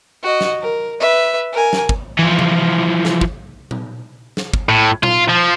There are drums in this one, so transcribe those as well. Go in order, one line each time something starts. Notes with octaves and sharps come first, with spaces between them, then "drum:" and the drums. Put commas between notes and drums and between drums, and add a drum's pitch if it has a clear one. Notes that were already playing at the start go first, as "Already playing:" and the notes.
F#4 D#5
drum: snare
A#4
B4 E5
A#4 G#5
drum: snare
drum: kick
E3 F3
drum: tom C3
drum: snare
drum: kick
drum: tom A#2
drum: snare
drum: kick
A2
F4, drum: tom A#2
F3